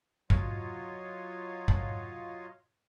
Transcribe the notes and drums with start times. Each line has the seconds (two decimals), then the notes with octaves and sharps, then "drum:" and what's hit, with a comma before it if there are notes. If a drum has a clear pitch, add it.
0.30 F#3 F4 C#5 D#5 F5, drum: kick
1.68 drum: kick